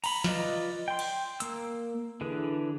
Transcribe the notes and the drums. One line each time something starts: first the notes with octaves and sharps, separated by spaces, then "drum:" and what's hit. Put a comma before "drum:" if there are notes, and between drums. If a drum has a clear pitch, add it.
A#5 B5, drum: cymbal
F4 B4 D5 D#5, drum: snare
G5 C6
drum: cymbal
A#3 E6, drum: hi-hat
D3 E3 G#4 B4